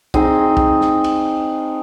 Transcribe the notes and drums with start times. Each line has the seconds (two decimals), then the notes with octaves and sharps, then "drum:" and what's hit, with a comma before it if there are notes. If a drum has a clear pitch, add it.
0.14 C4 D#4 G#4, drum: kick
0.57 drum: kick
0.81 drum: snare
1.04 drum: cymbal